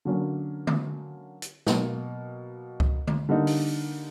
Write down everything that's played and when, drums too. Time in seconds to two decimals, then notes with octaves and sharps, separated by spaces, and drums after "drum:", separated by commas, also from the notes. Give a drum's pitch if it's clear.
0.05 D3 F#3 A#3 C#4
0.67 drum: tom D3
1.42 drum: hi-hat
1.67 B2 F#3 A#3, drum: snare
2.80 drum: kick C#2
3.07 drum: tom D3
3.29 D3 G3 A#3 D#4
3.47 drum: open hi-hat